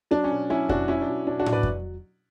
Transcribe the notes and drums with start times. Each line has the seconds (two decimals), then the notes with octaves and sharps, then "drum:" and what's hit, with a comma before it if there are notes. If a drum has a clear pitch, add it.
0.11 F#3 D4
0.24 C#4
0.31 B2
0.50 F#3 C#4 E4
0.69 B2 D4 F#4, drum: kick F2
0.88 F#3 C#4 E4
1.01 D4
1.08 B2
1.27 B2 D4
1.39 D4 F#4
1.46 F#3, drum: tom A2
1.53 B4 D5
1.63 drum: kick F2